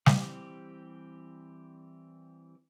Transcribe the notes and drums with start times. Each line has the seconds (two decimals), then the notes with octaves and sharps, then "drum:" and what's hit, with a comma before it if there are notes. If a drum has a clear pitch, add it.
0.06 E3 G3 C4 G4 D6, drum: snare